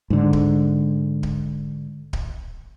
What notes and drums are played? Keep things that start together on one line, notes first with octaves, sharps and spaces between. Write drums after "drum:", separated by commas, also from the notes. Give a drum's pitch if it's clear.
G#2 D3
drum: kick D1
drum: kick D1
drum: kick D1